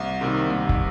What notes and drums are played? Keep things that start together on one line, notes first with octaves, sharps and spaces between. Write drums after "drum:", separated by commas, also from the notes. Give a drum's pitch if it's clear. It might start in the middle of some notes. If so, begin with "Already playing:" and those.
Already playing: C2
C3 D#3 G3
C2
drum: kick